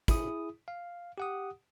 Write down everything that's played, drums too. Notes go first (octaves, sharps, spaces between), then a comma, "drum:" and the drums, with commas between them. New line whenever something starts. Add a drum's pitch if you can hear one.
E4 G#4 D#6, drum: kick, tambourine
F5
G4 F#5 D#6